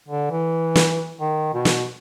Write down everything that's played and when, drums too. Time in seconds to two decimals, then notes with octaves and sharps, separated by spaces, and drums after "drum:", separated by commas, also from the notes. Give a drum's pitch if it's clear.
0.08 D3
0.31 E3
0.76 drum: snare
1.20 D#3
1.54 B2
1.65 drum: snare